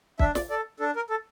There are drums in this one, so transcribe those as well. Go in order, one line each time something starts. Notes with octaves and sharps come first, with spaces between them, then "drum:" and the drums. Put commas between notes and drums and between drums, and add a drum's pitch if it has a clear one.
D4 E5, drum: kick
D5, drum: snare
A4 D5
D4 A4
A#4
A4